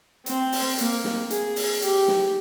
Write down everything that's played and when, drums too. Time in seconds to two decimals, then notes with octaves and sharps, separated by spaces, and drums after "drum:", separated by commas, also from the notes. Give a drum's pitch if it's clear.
0.26 C4, drum: hi-hat
0.52 drum: open hi-hat
0.78 A#3, drum: hi-hat
1.04 drum: snare
1.30 G#4, drum: hi-hat
1.56 drum: open hi-hat
1.82 G4, drum: hi-hat
2.08 drum: snare